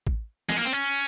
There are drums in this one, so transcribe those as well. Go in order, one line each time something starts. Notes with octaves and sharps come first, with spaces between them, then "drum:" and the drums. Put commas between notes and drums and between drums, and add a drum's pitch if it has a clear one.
drum: kick A1
G#3, drum: snare
A#3
C4
C#4